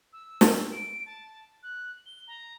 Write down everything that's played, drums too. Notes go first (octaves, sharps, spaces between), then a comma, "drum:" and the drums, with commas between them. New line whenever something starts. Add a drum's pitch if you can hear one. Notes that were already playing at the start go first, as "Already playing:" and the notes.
E6
drum: snare
D7
A5
F#6
G7
A#5